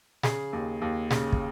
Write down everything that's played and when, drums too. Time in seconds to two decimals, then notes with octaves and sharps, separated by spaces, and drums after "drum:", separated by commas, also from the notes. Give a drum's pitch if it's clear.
0.23 C#3 G#4, drum: snare
0.53 D#2
0.82 D#2
1.11 C#3, drum: snare
1.32 drum: kick